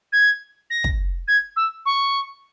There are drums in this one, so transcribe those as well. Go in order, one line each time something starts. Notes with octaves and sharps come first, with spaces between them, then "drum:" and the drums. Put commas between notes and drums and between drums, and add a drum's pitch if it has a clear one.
G#6
A#6
drum: kick
G#6
E6
C#6